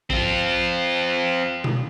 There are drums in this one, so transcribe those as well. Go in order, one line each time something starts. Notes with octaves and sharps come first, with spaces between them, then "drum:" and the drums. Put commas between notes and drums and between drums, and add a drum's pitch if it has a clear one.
C4 F4, drum: kick A#1
drum: tom B2